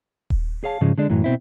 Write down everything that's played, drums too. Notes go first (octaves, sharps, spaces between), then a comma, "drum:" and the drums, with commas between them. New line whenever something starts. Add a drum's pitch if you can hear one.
drum: kick D#1
G#4 C#5 F5 A5
G#2 C#3 F3 G#3
D3 G#3 D4
F#2 A2 E3 F#3
B2 C4 E4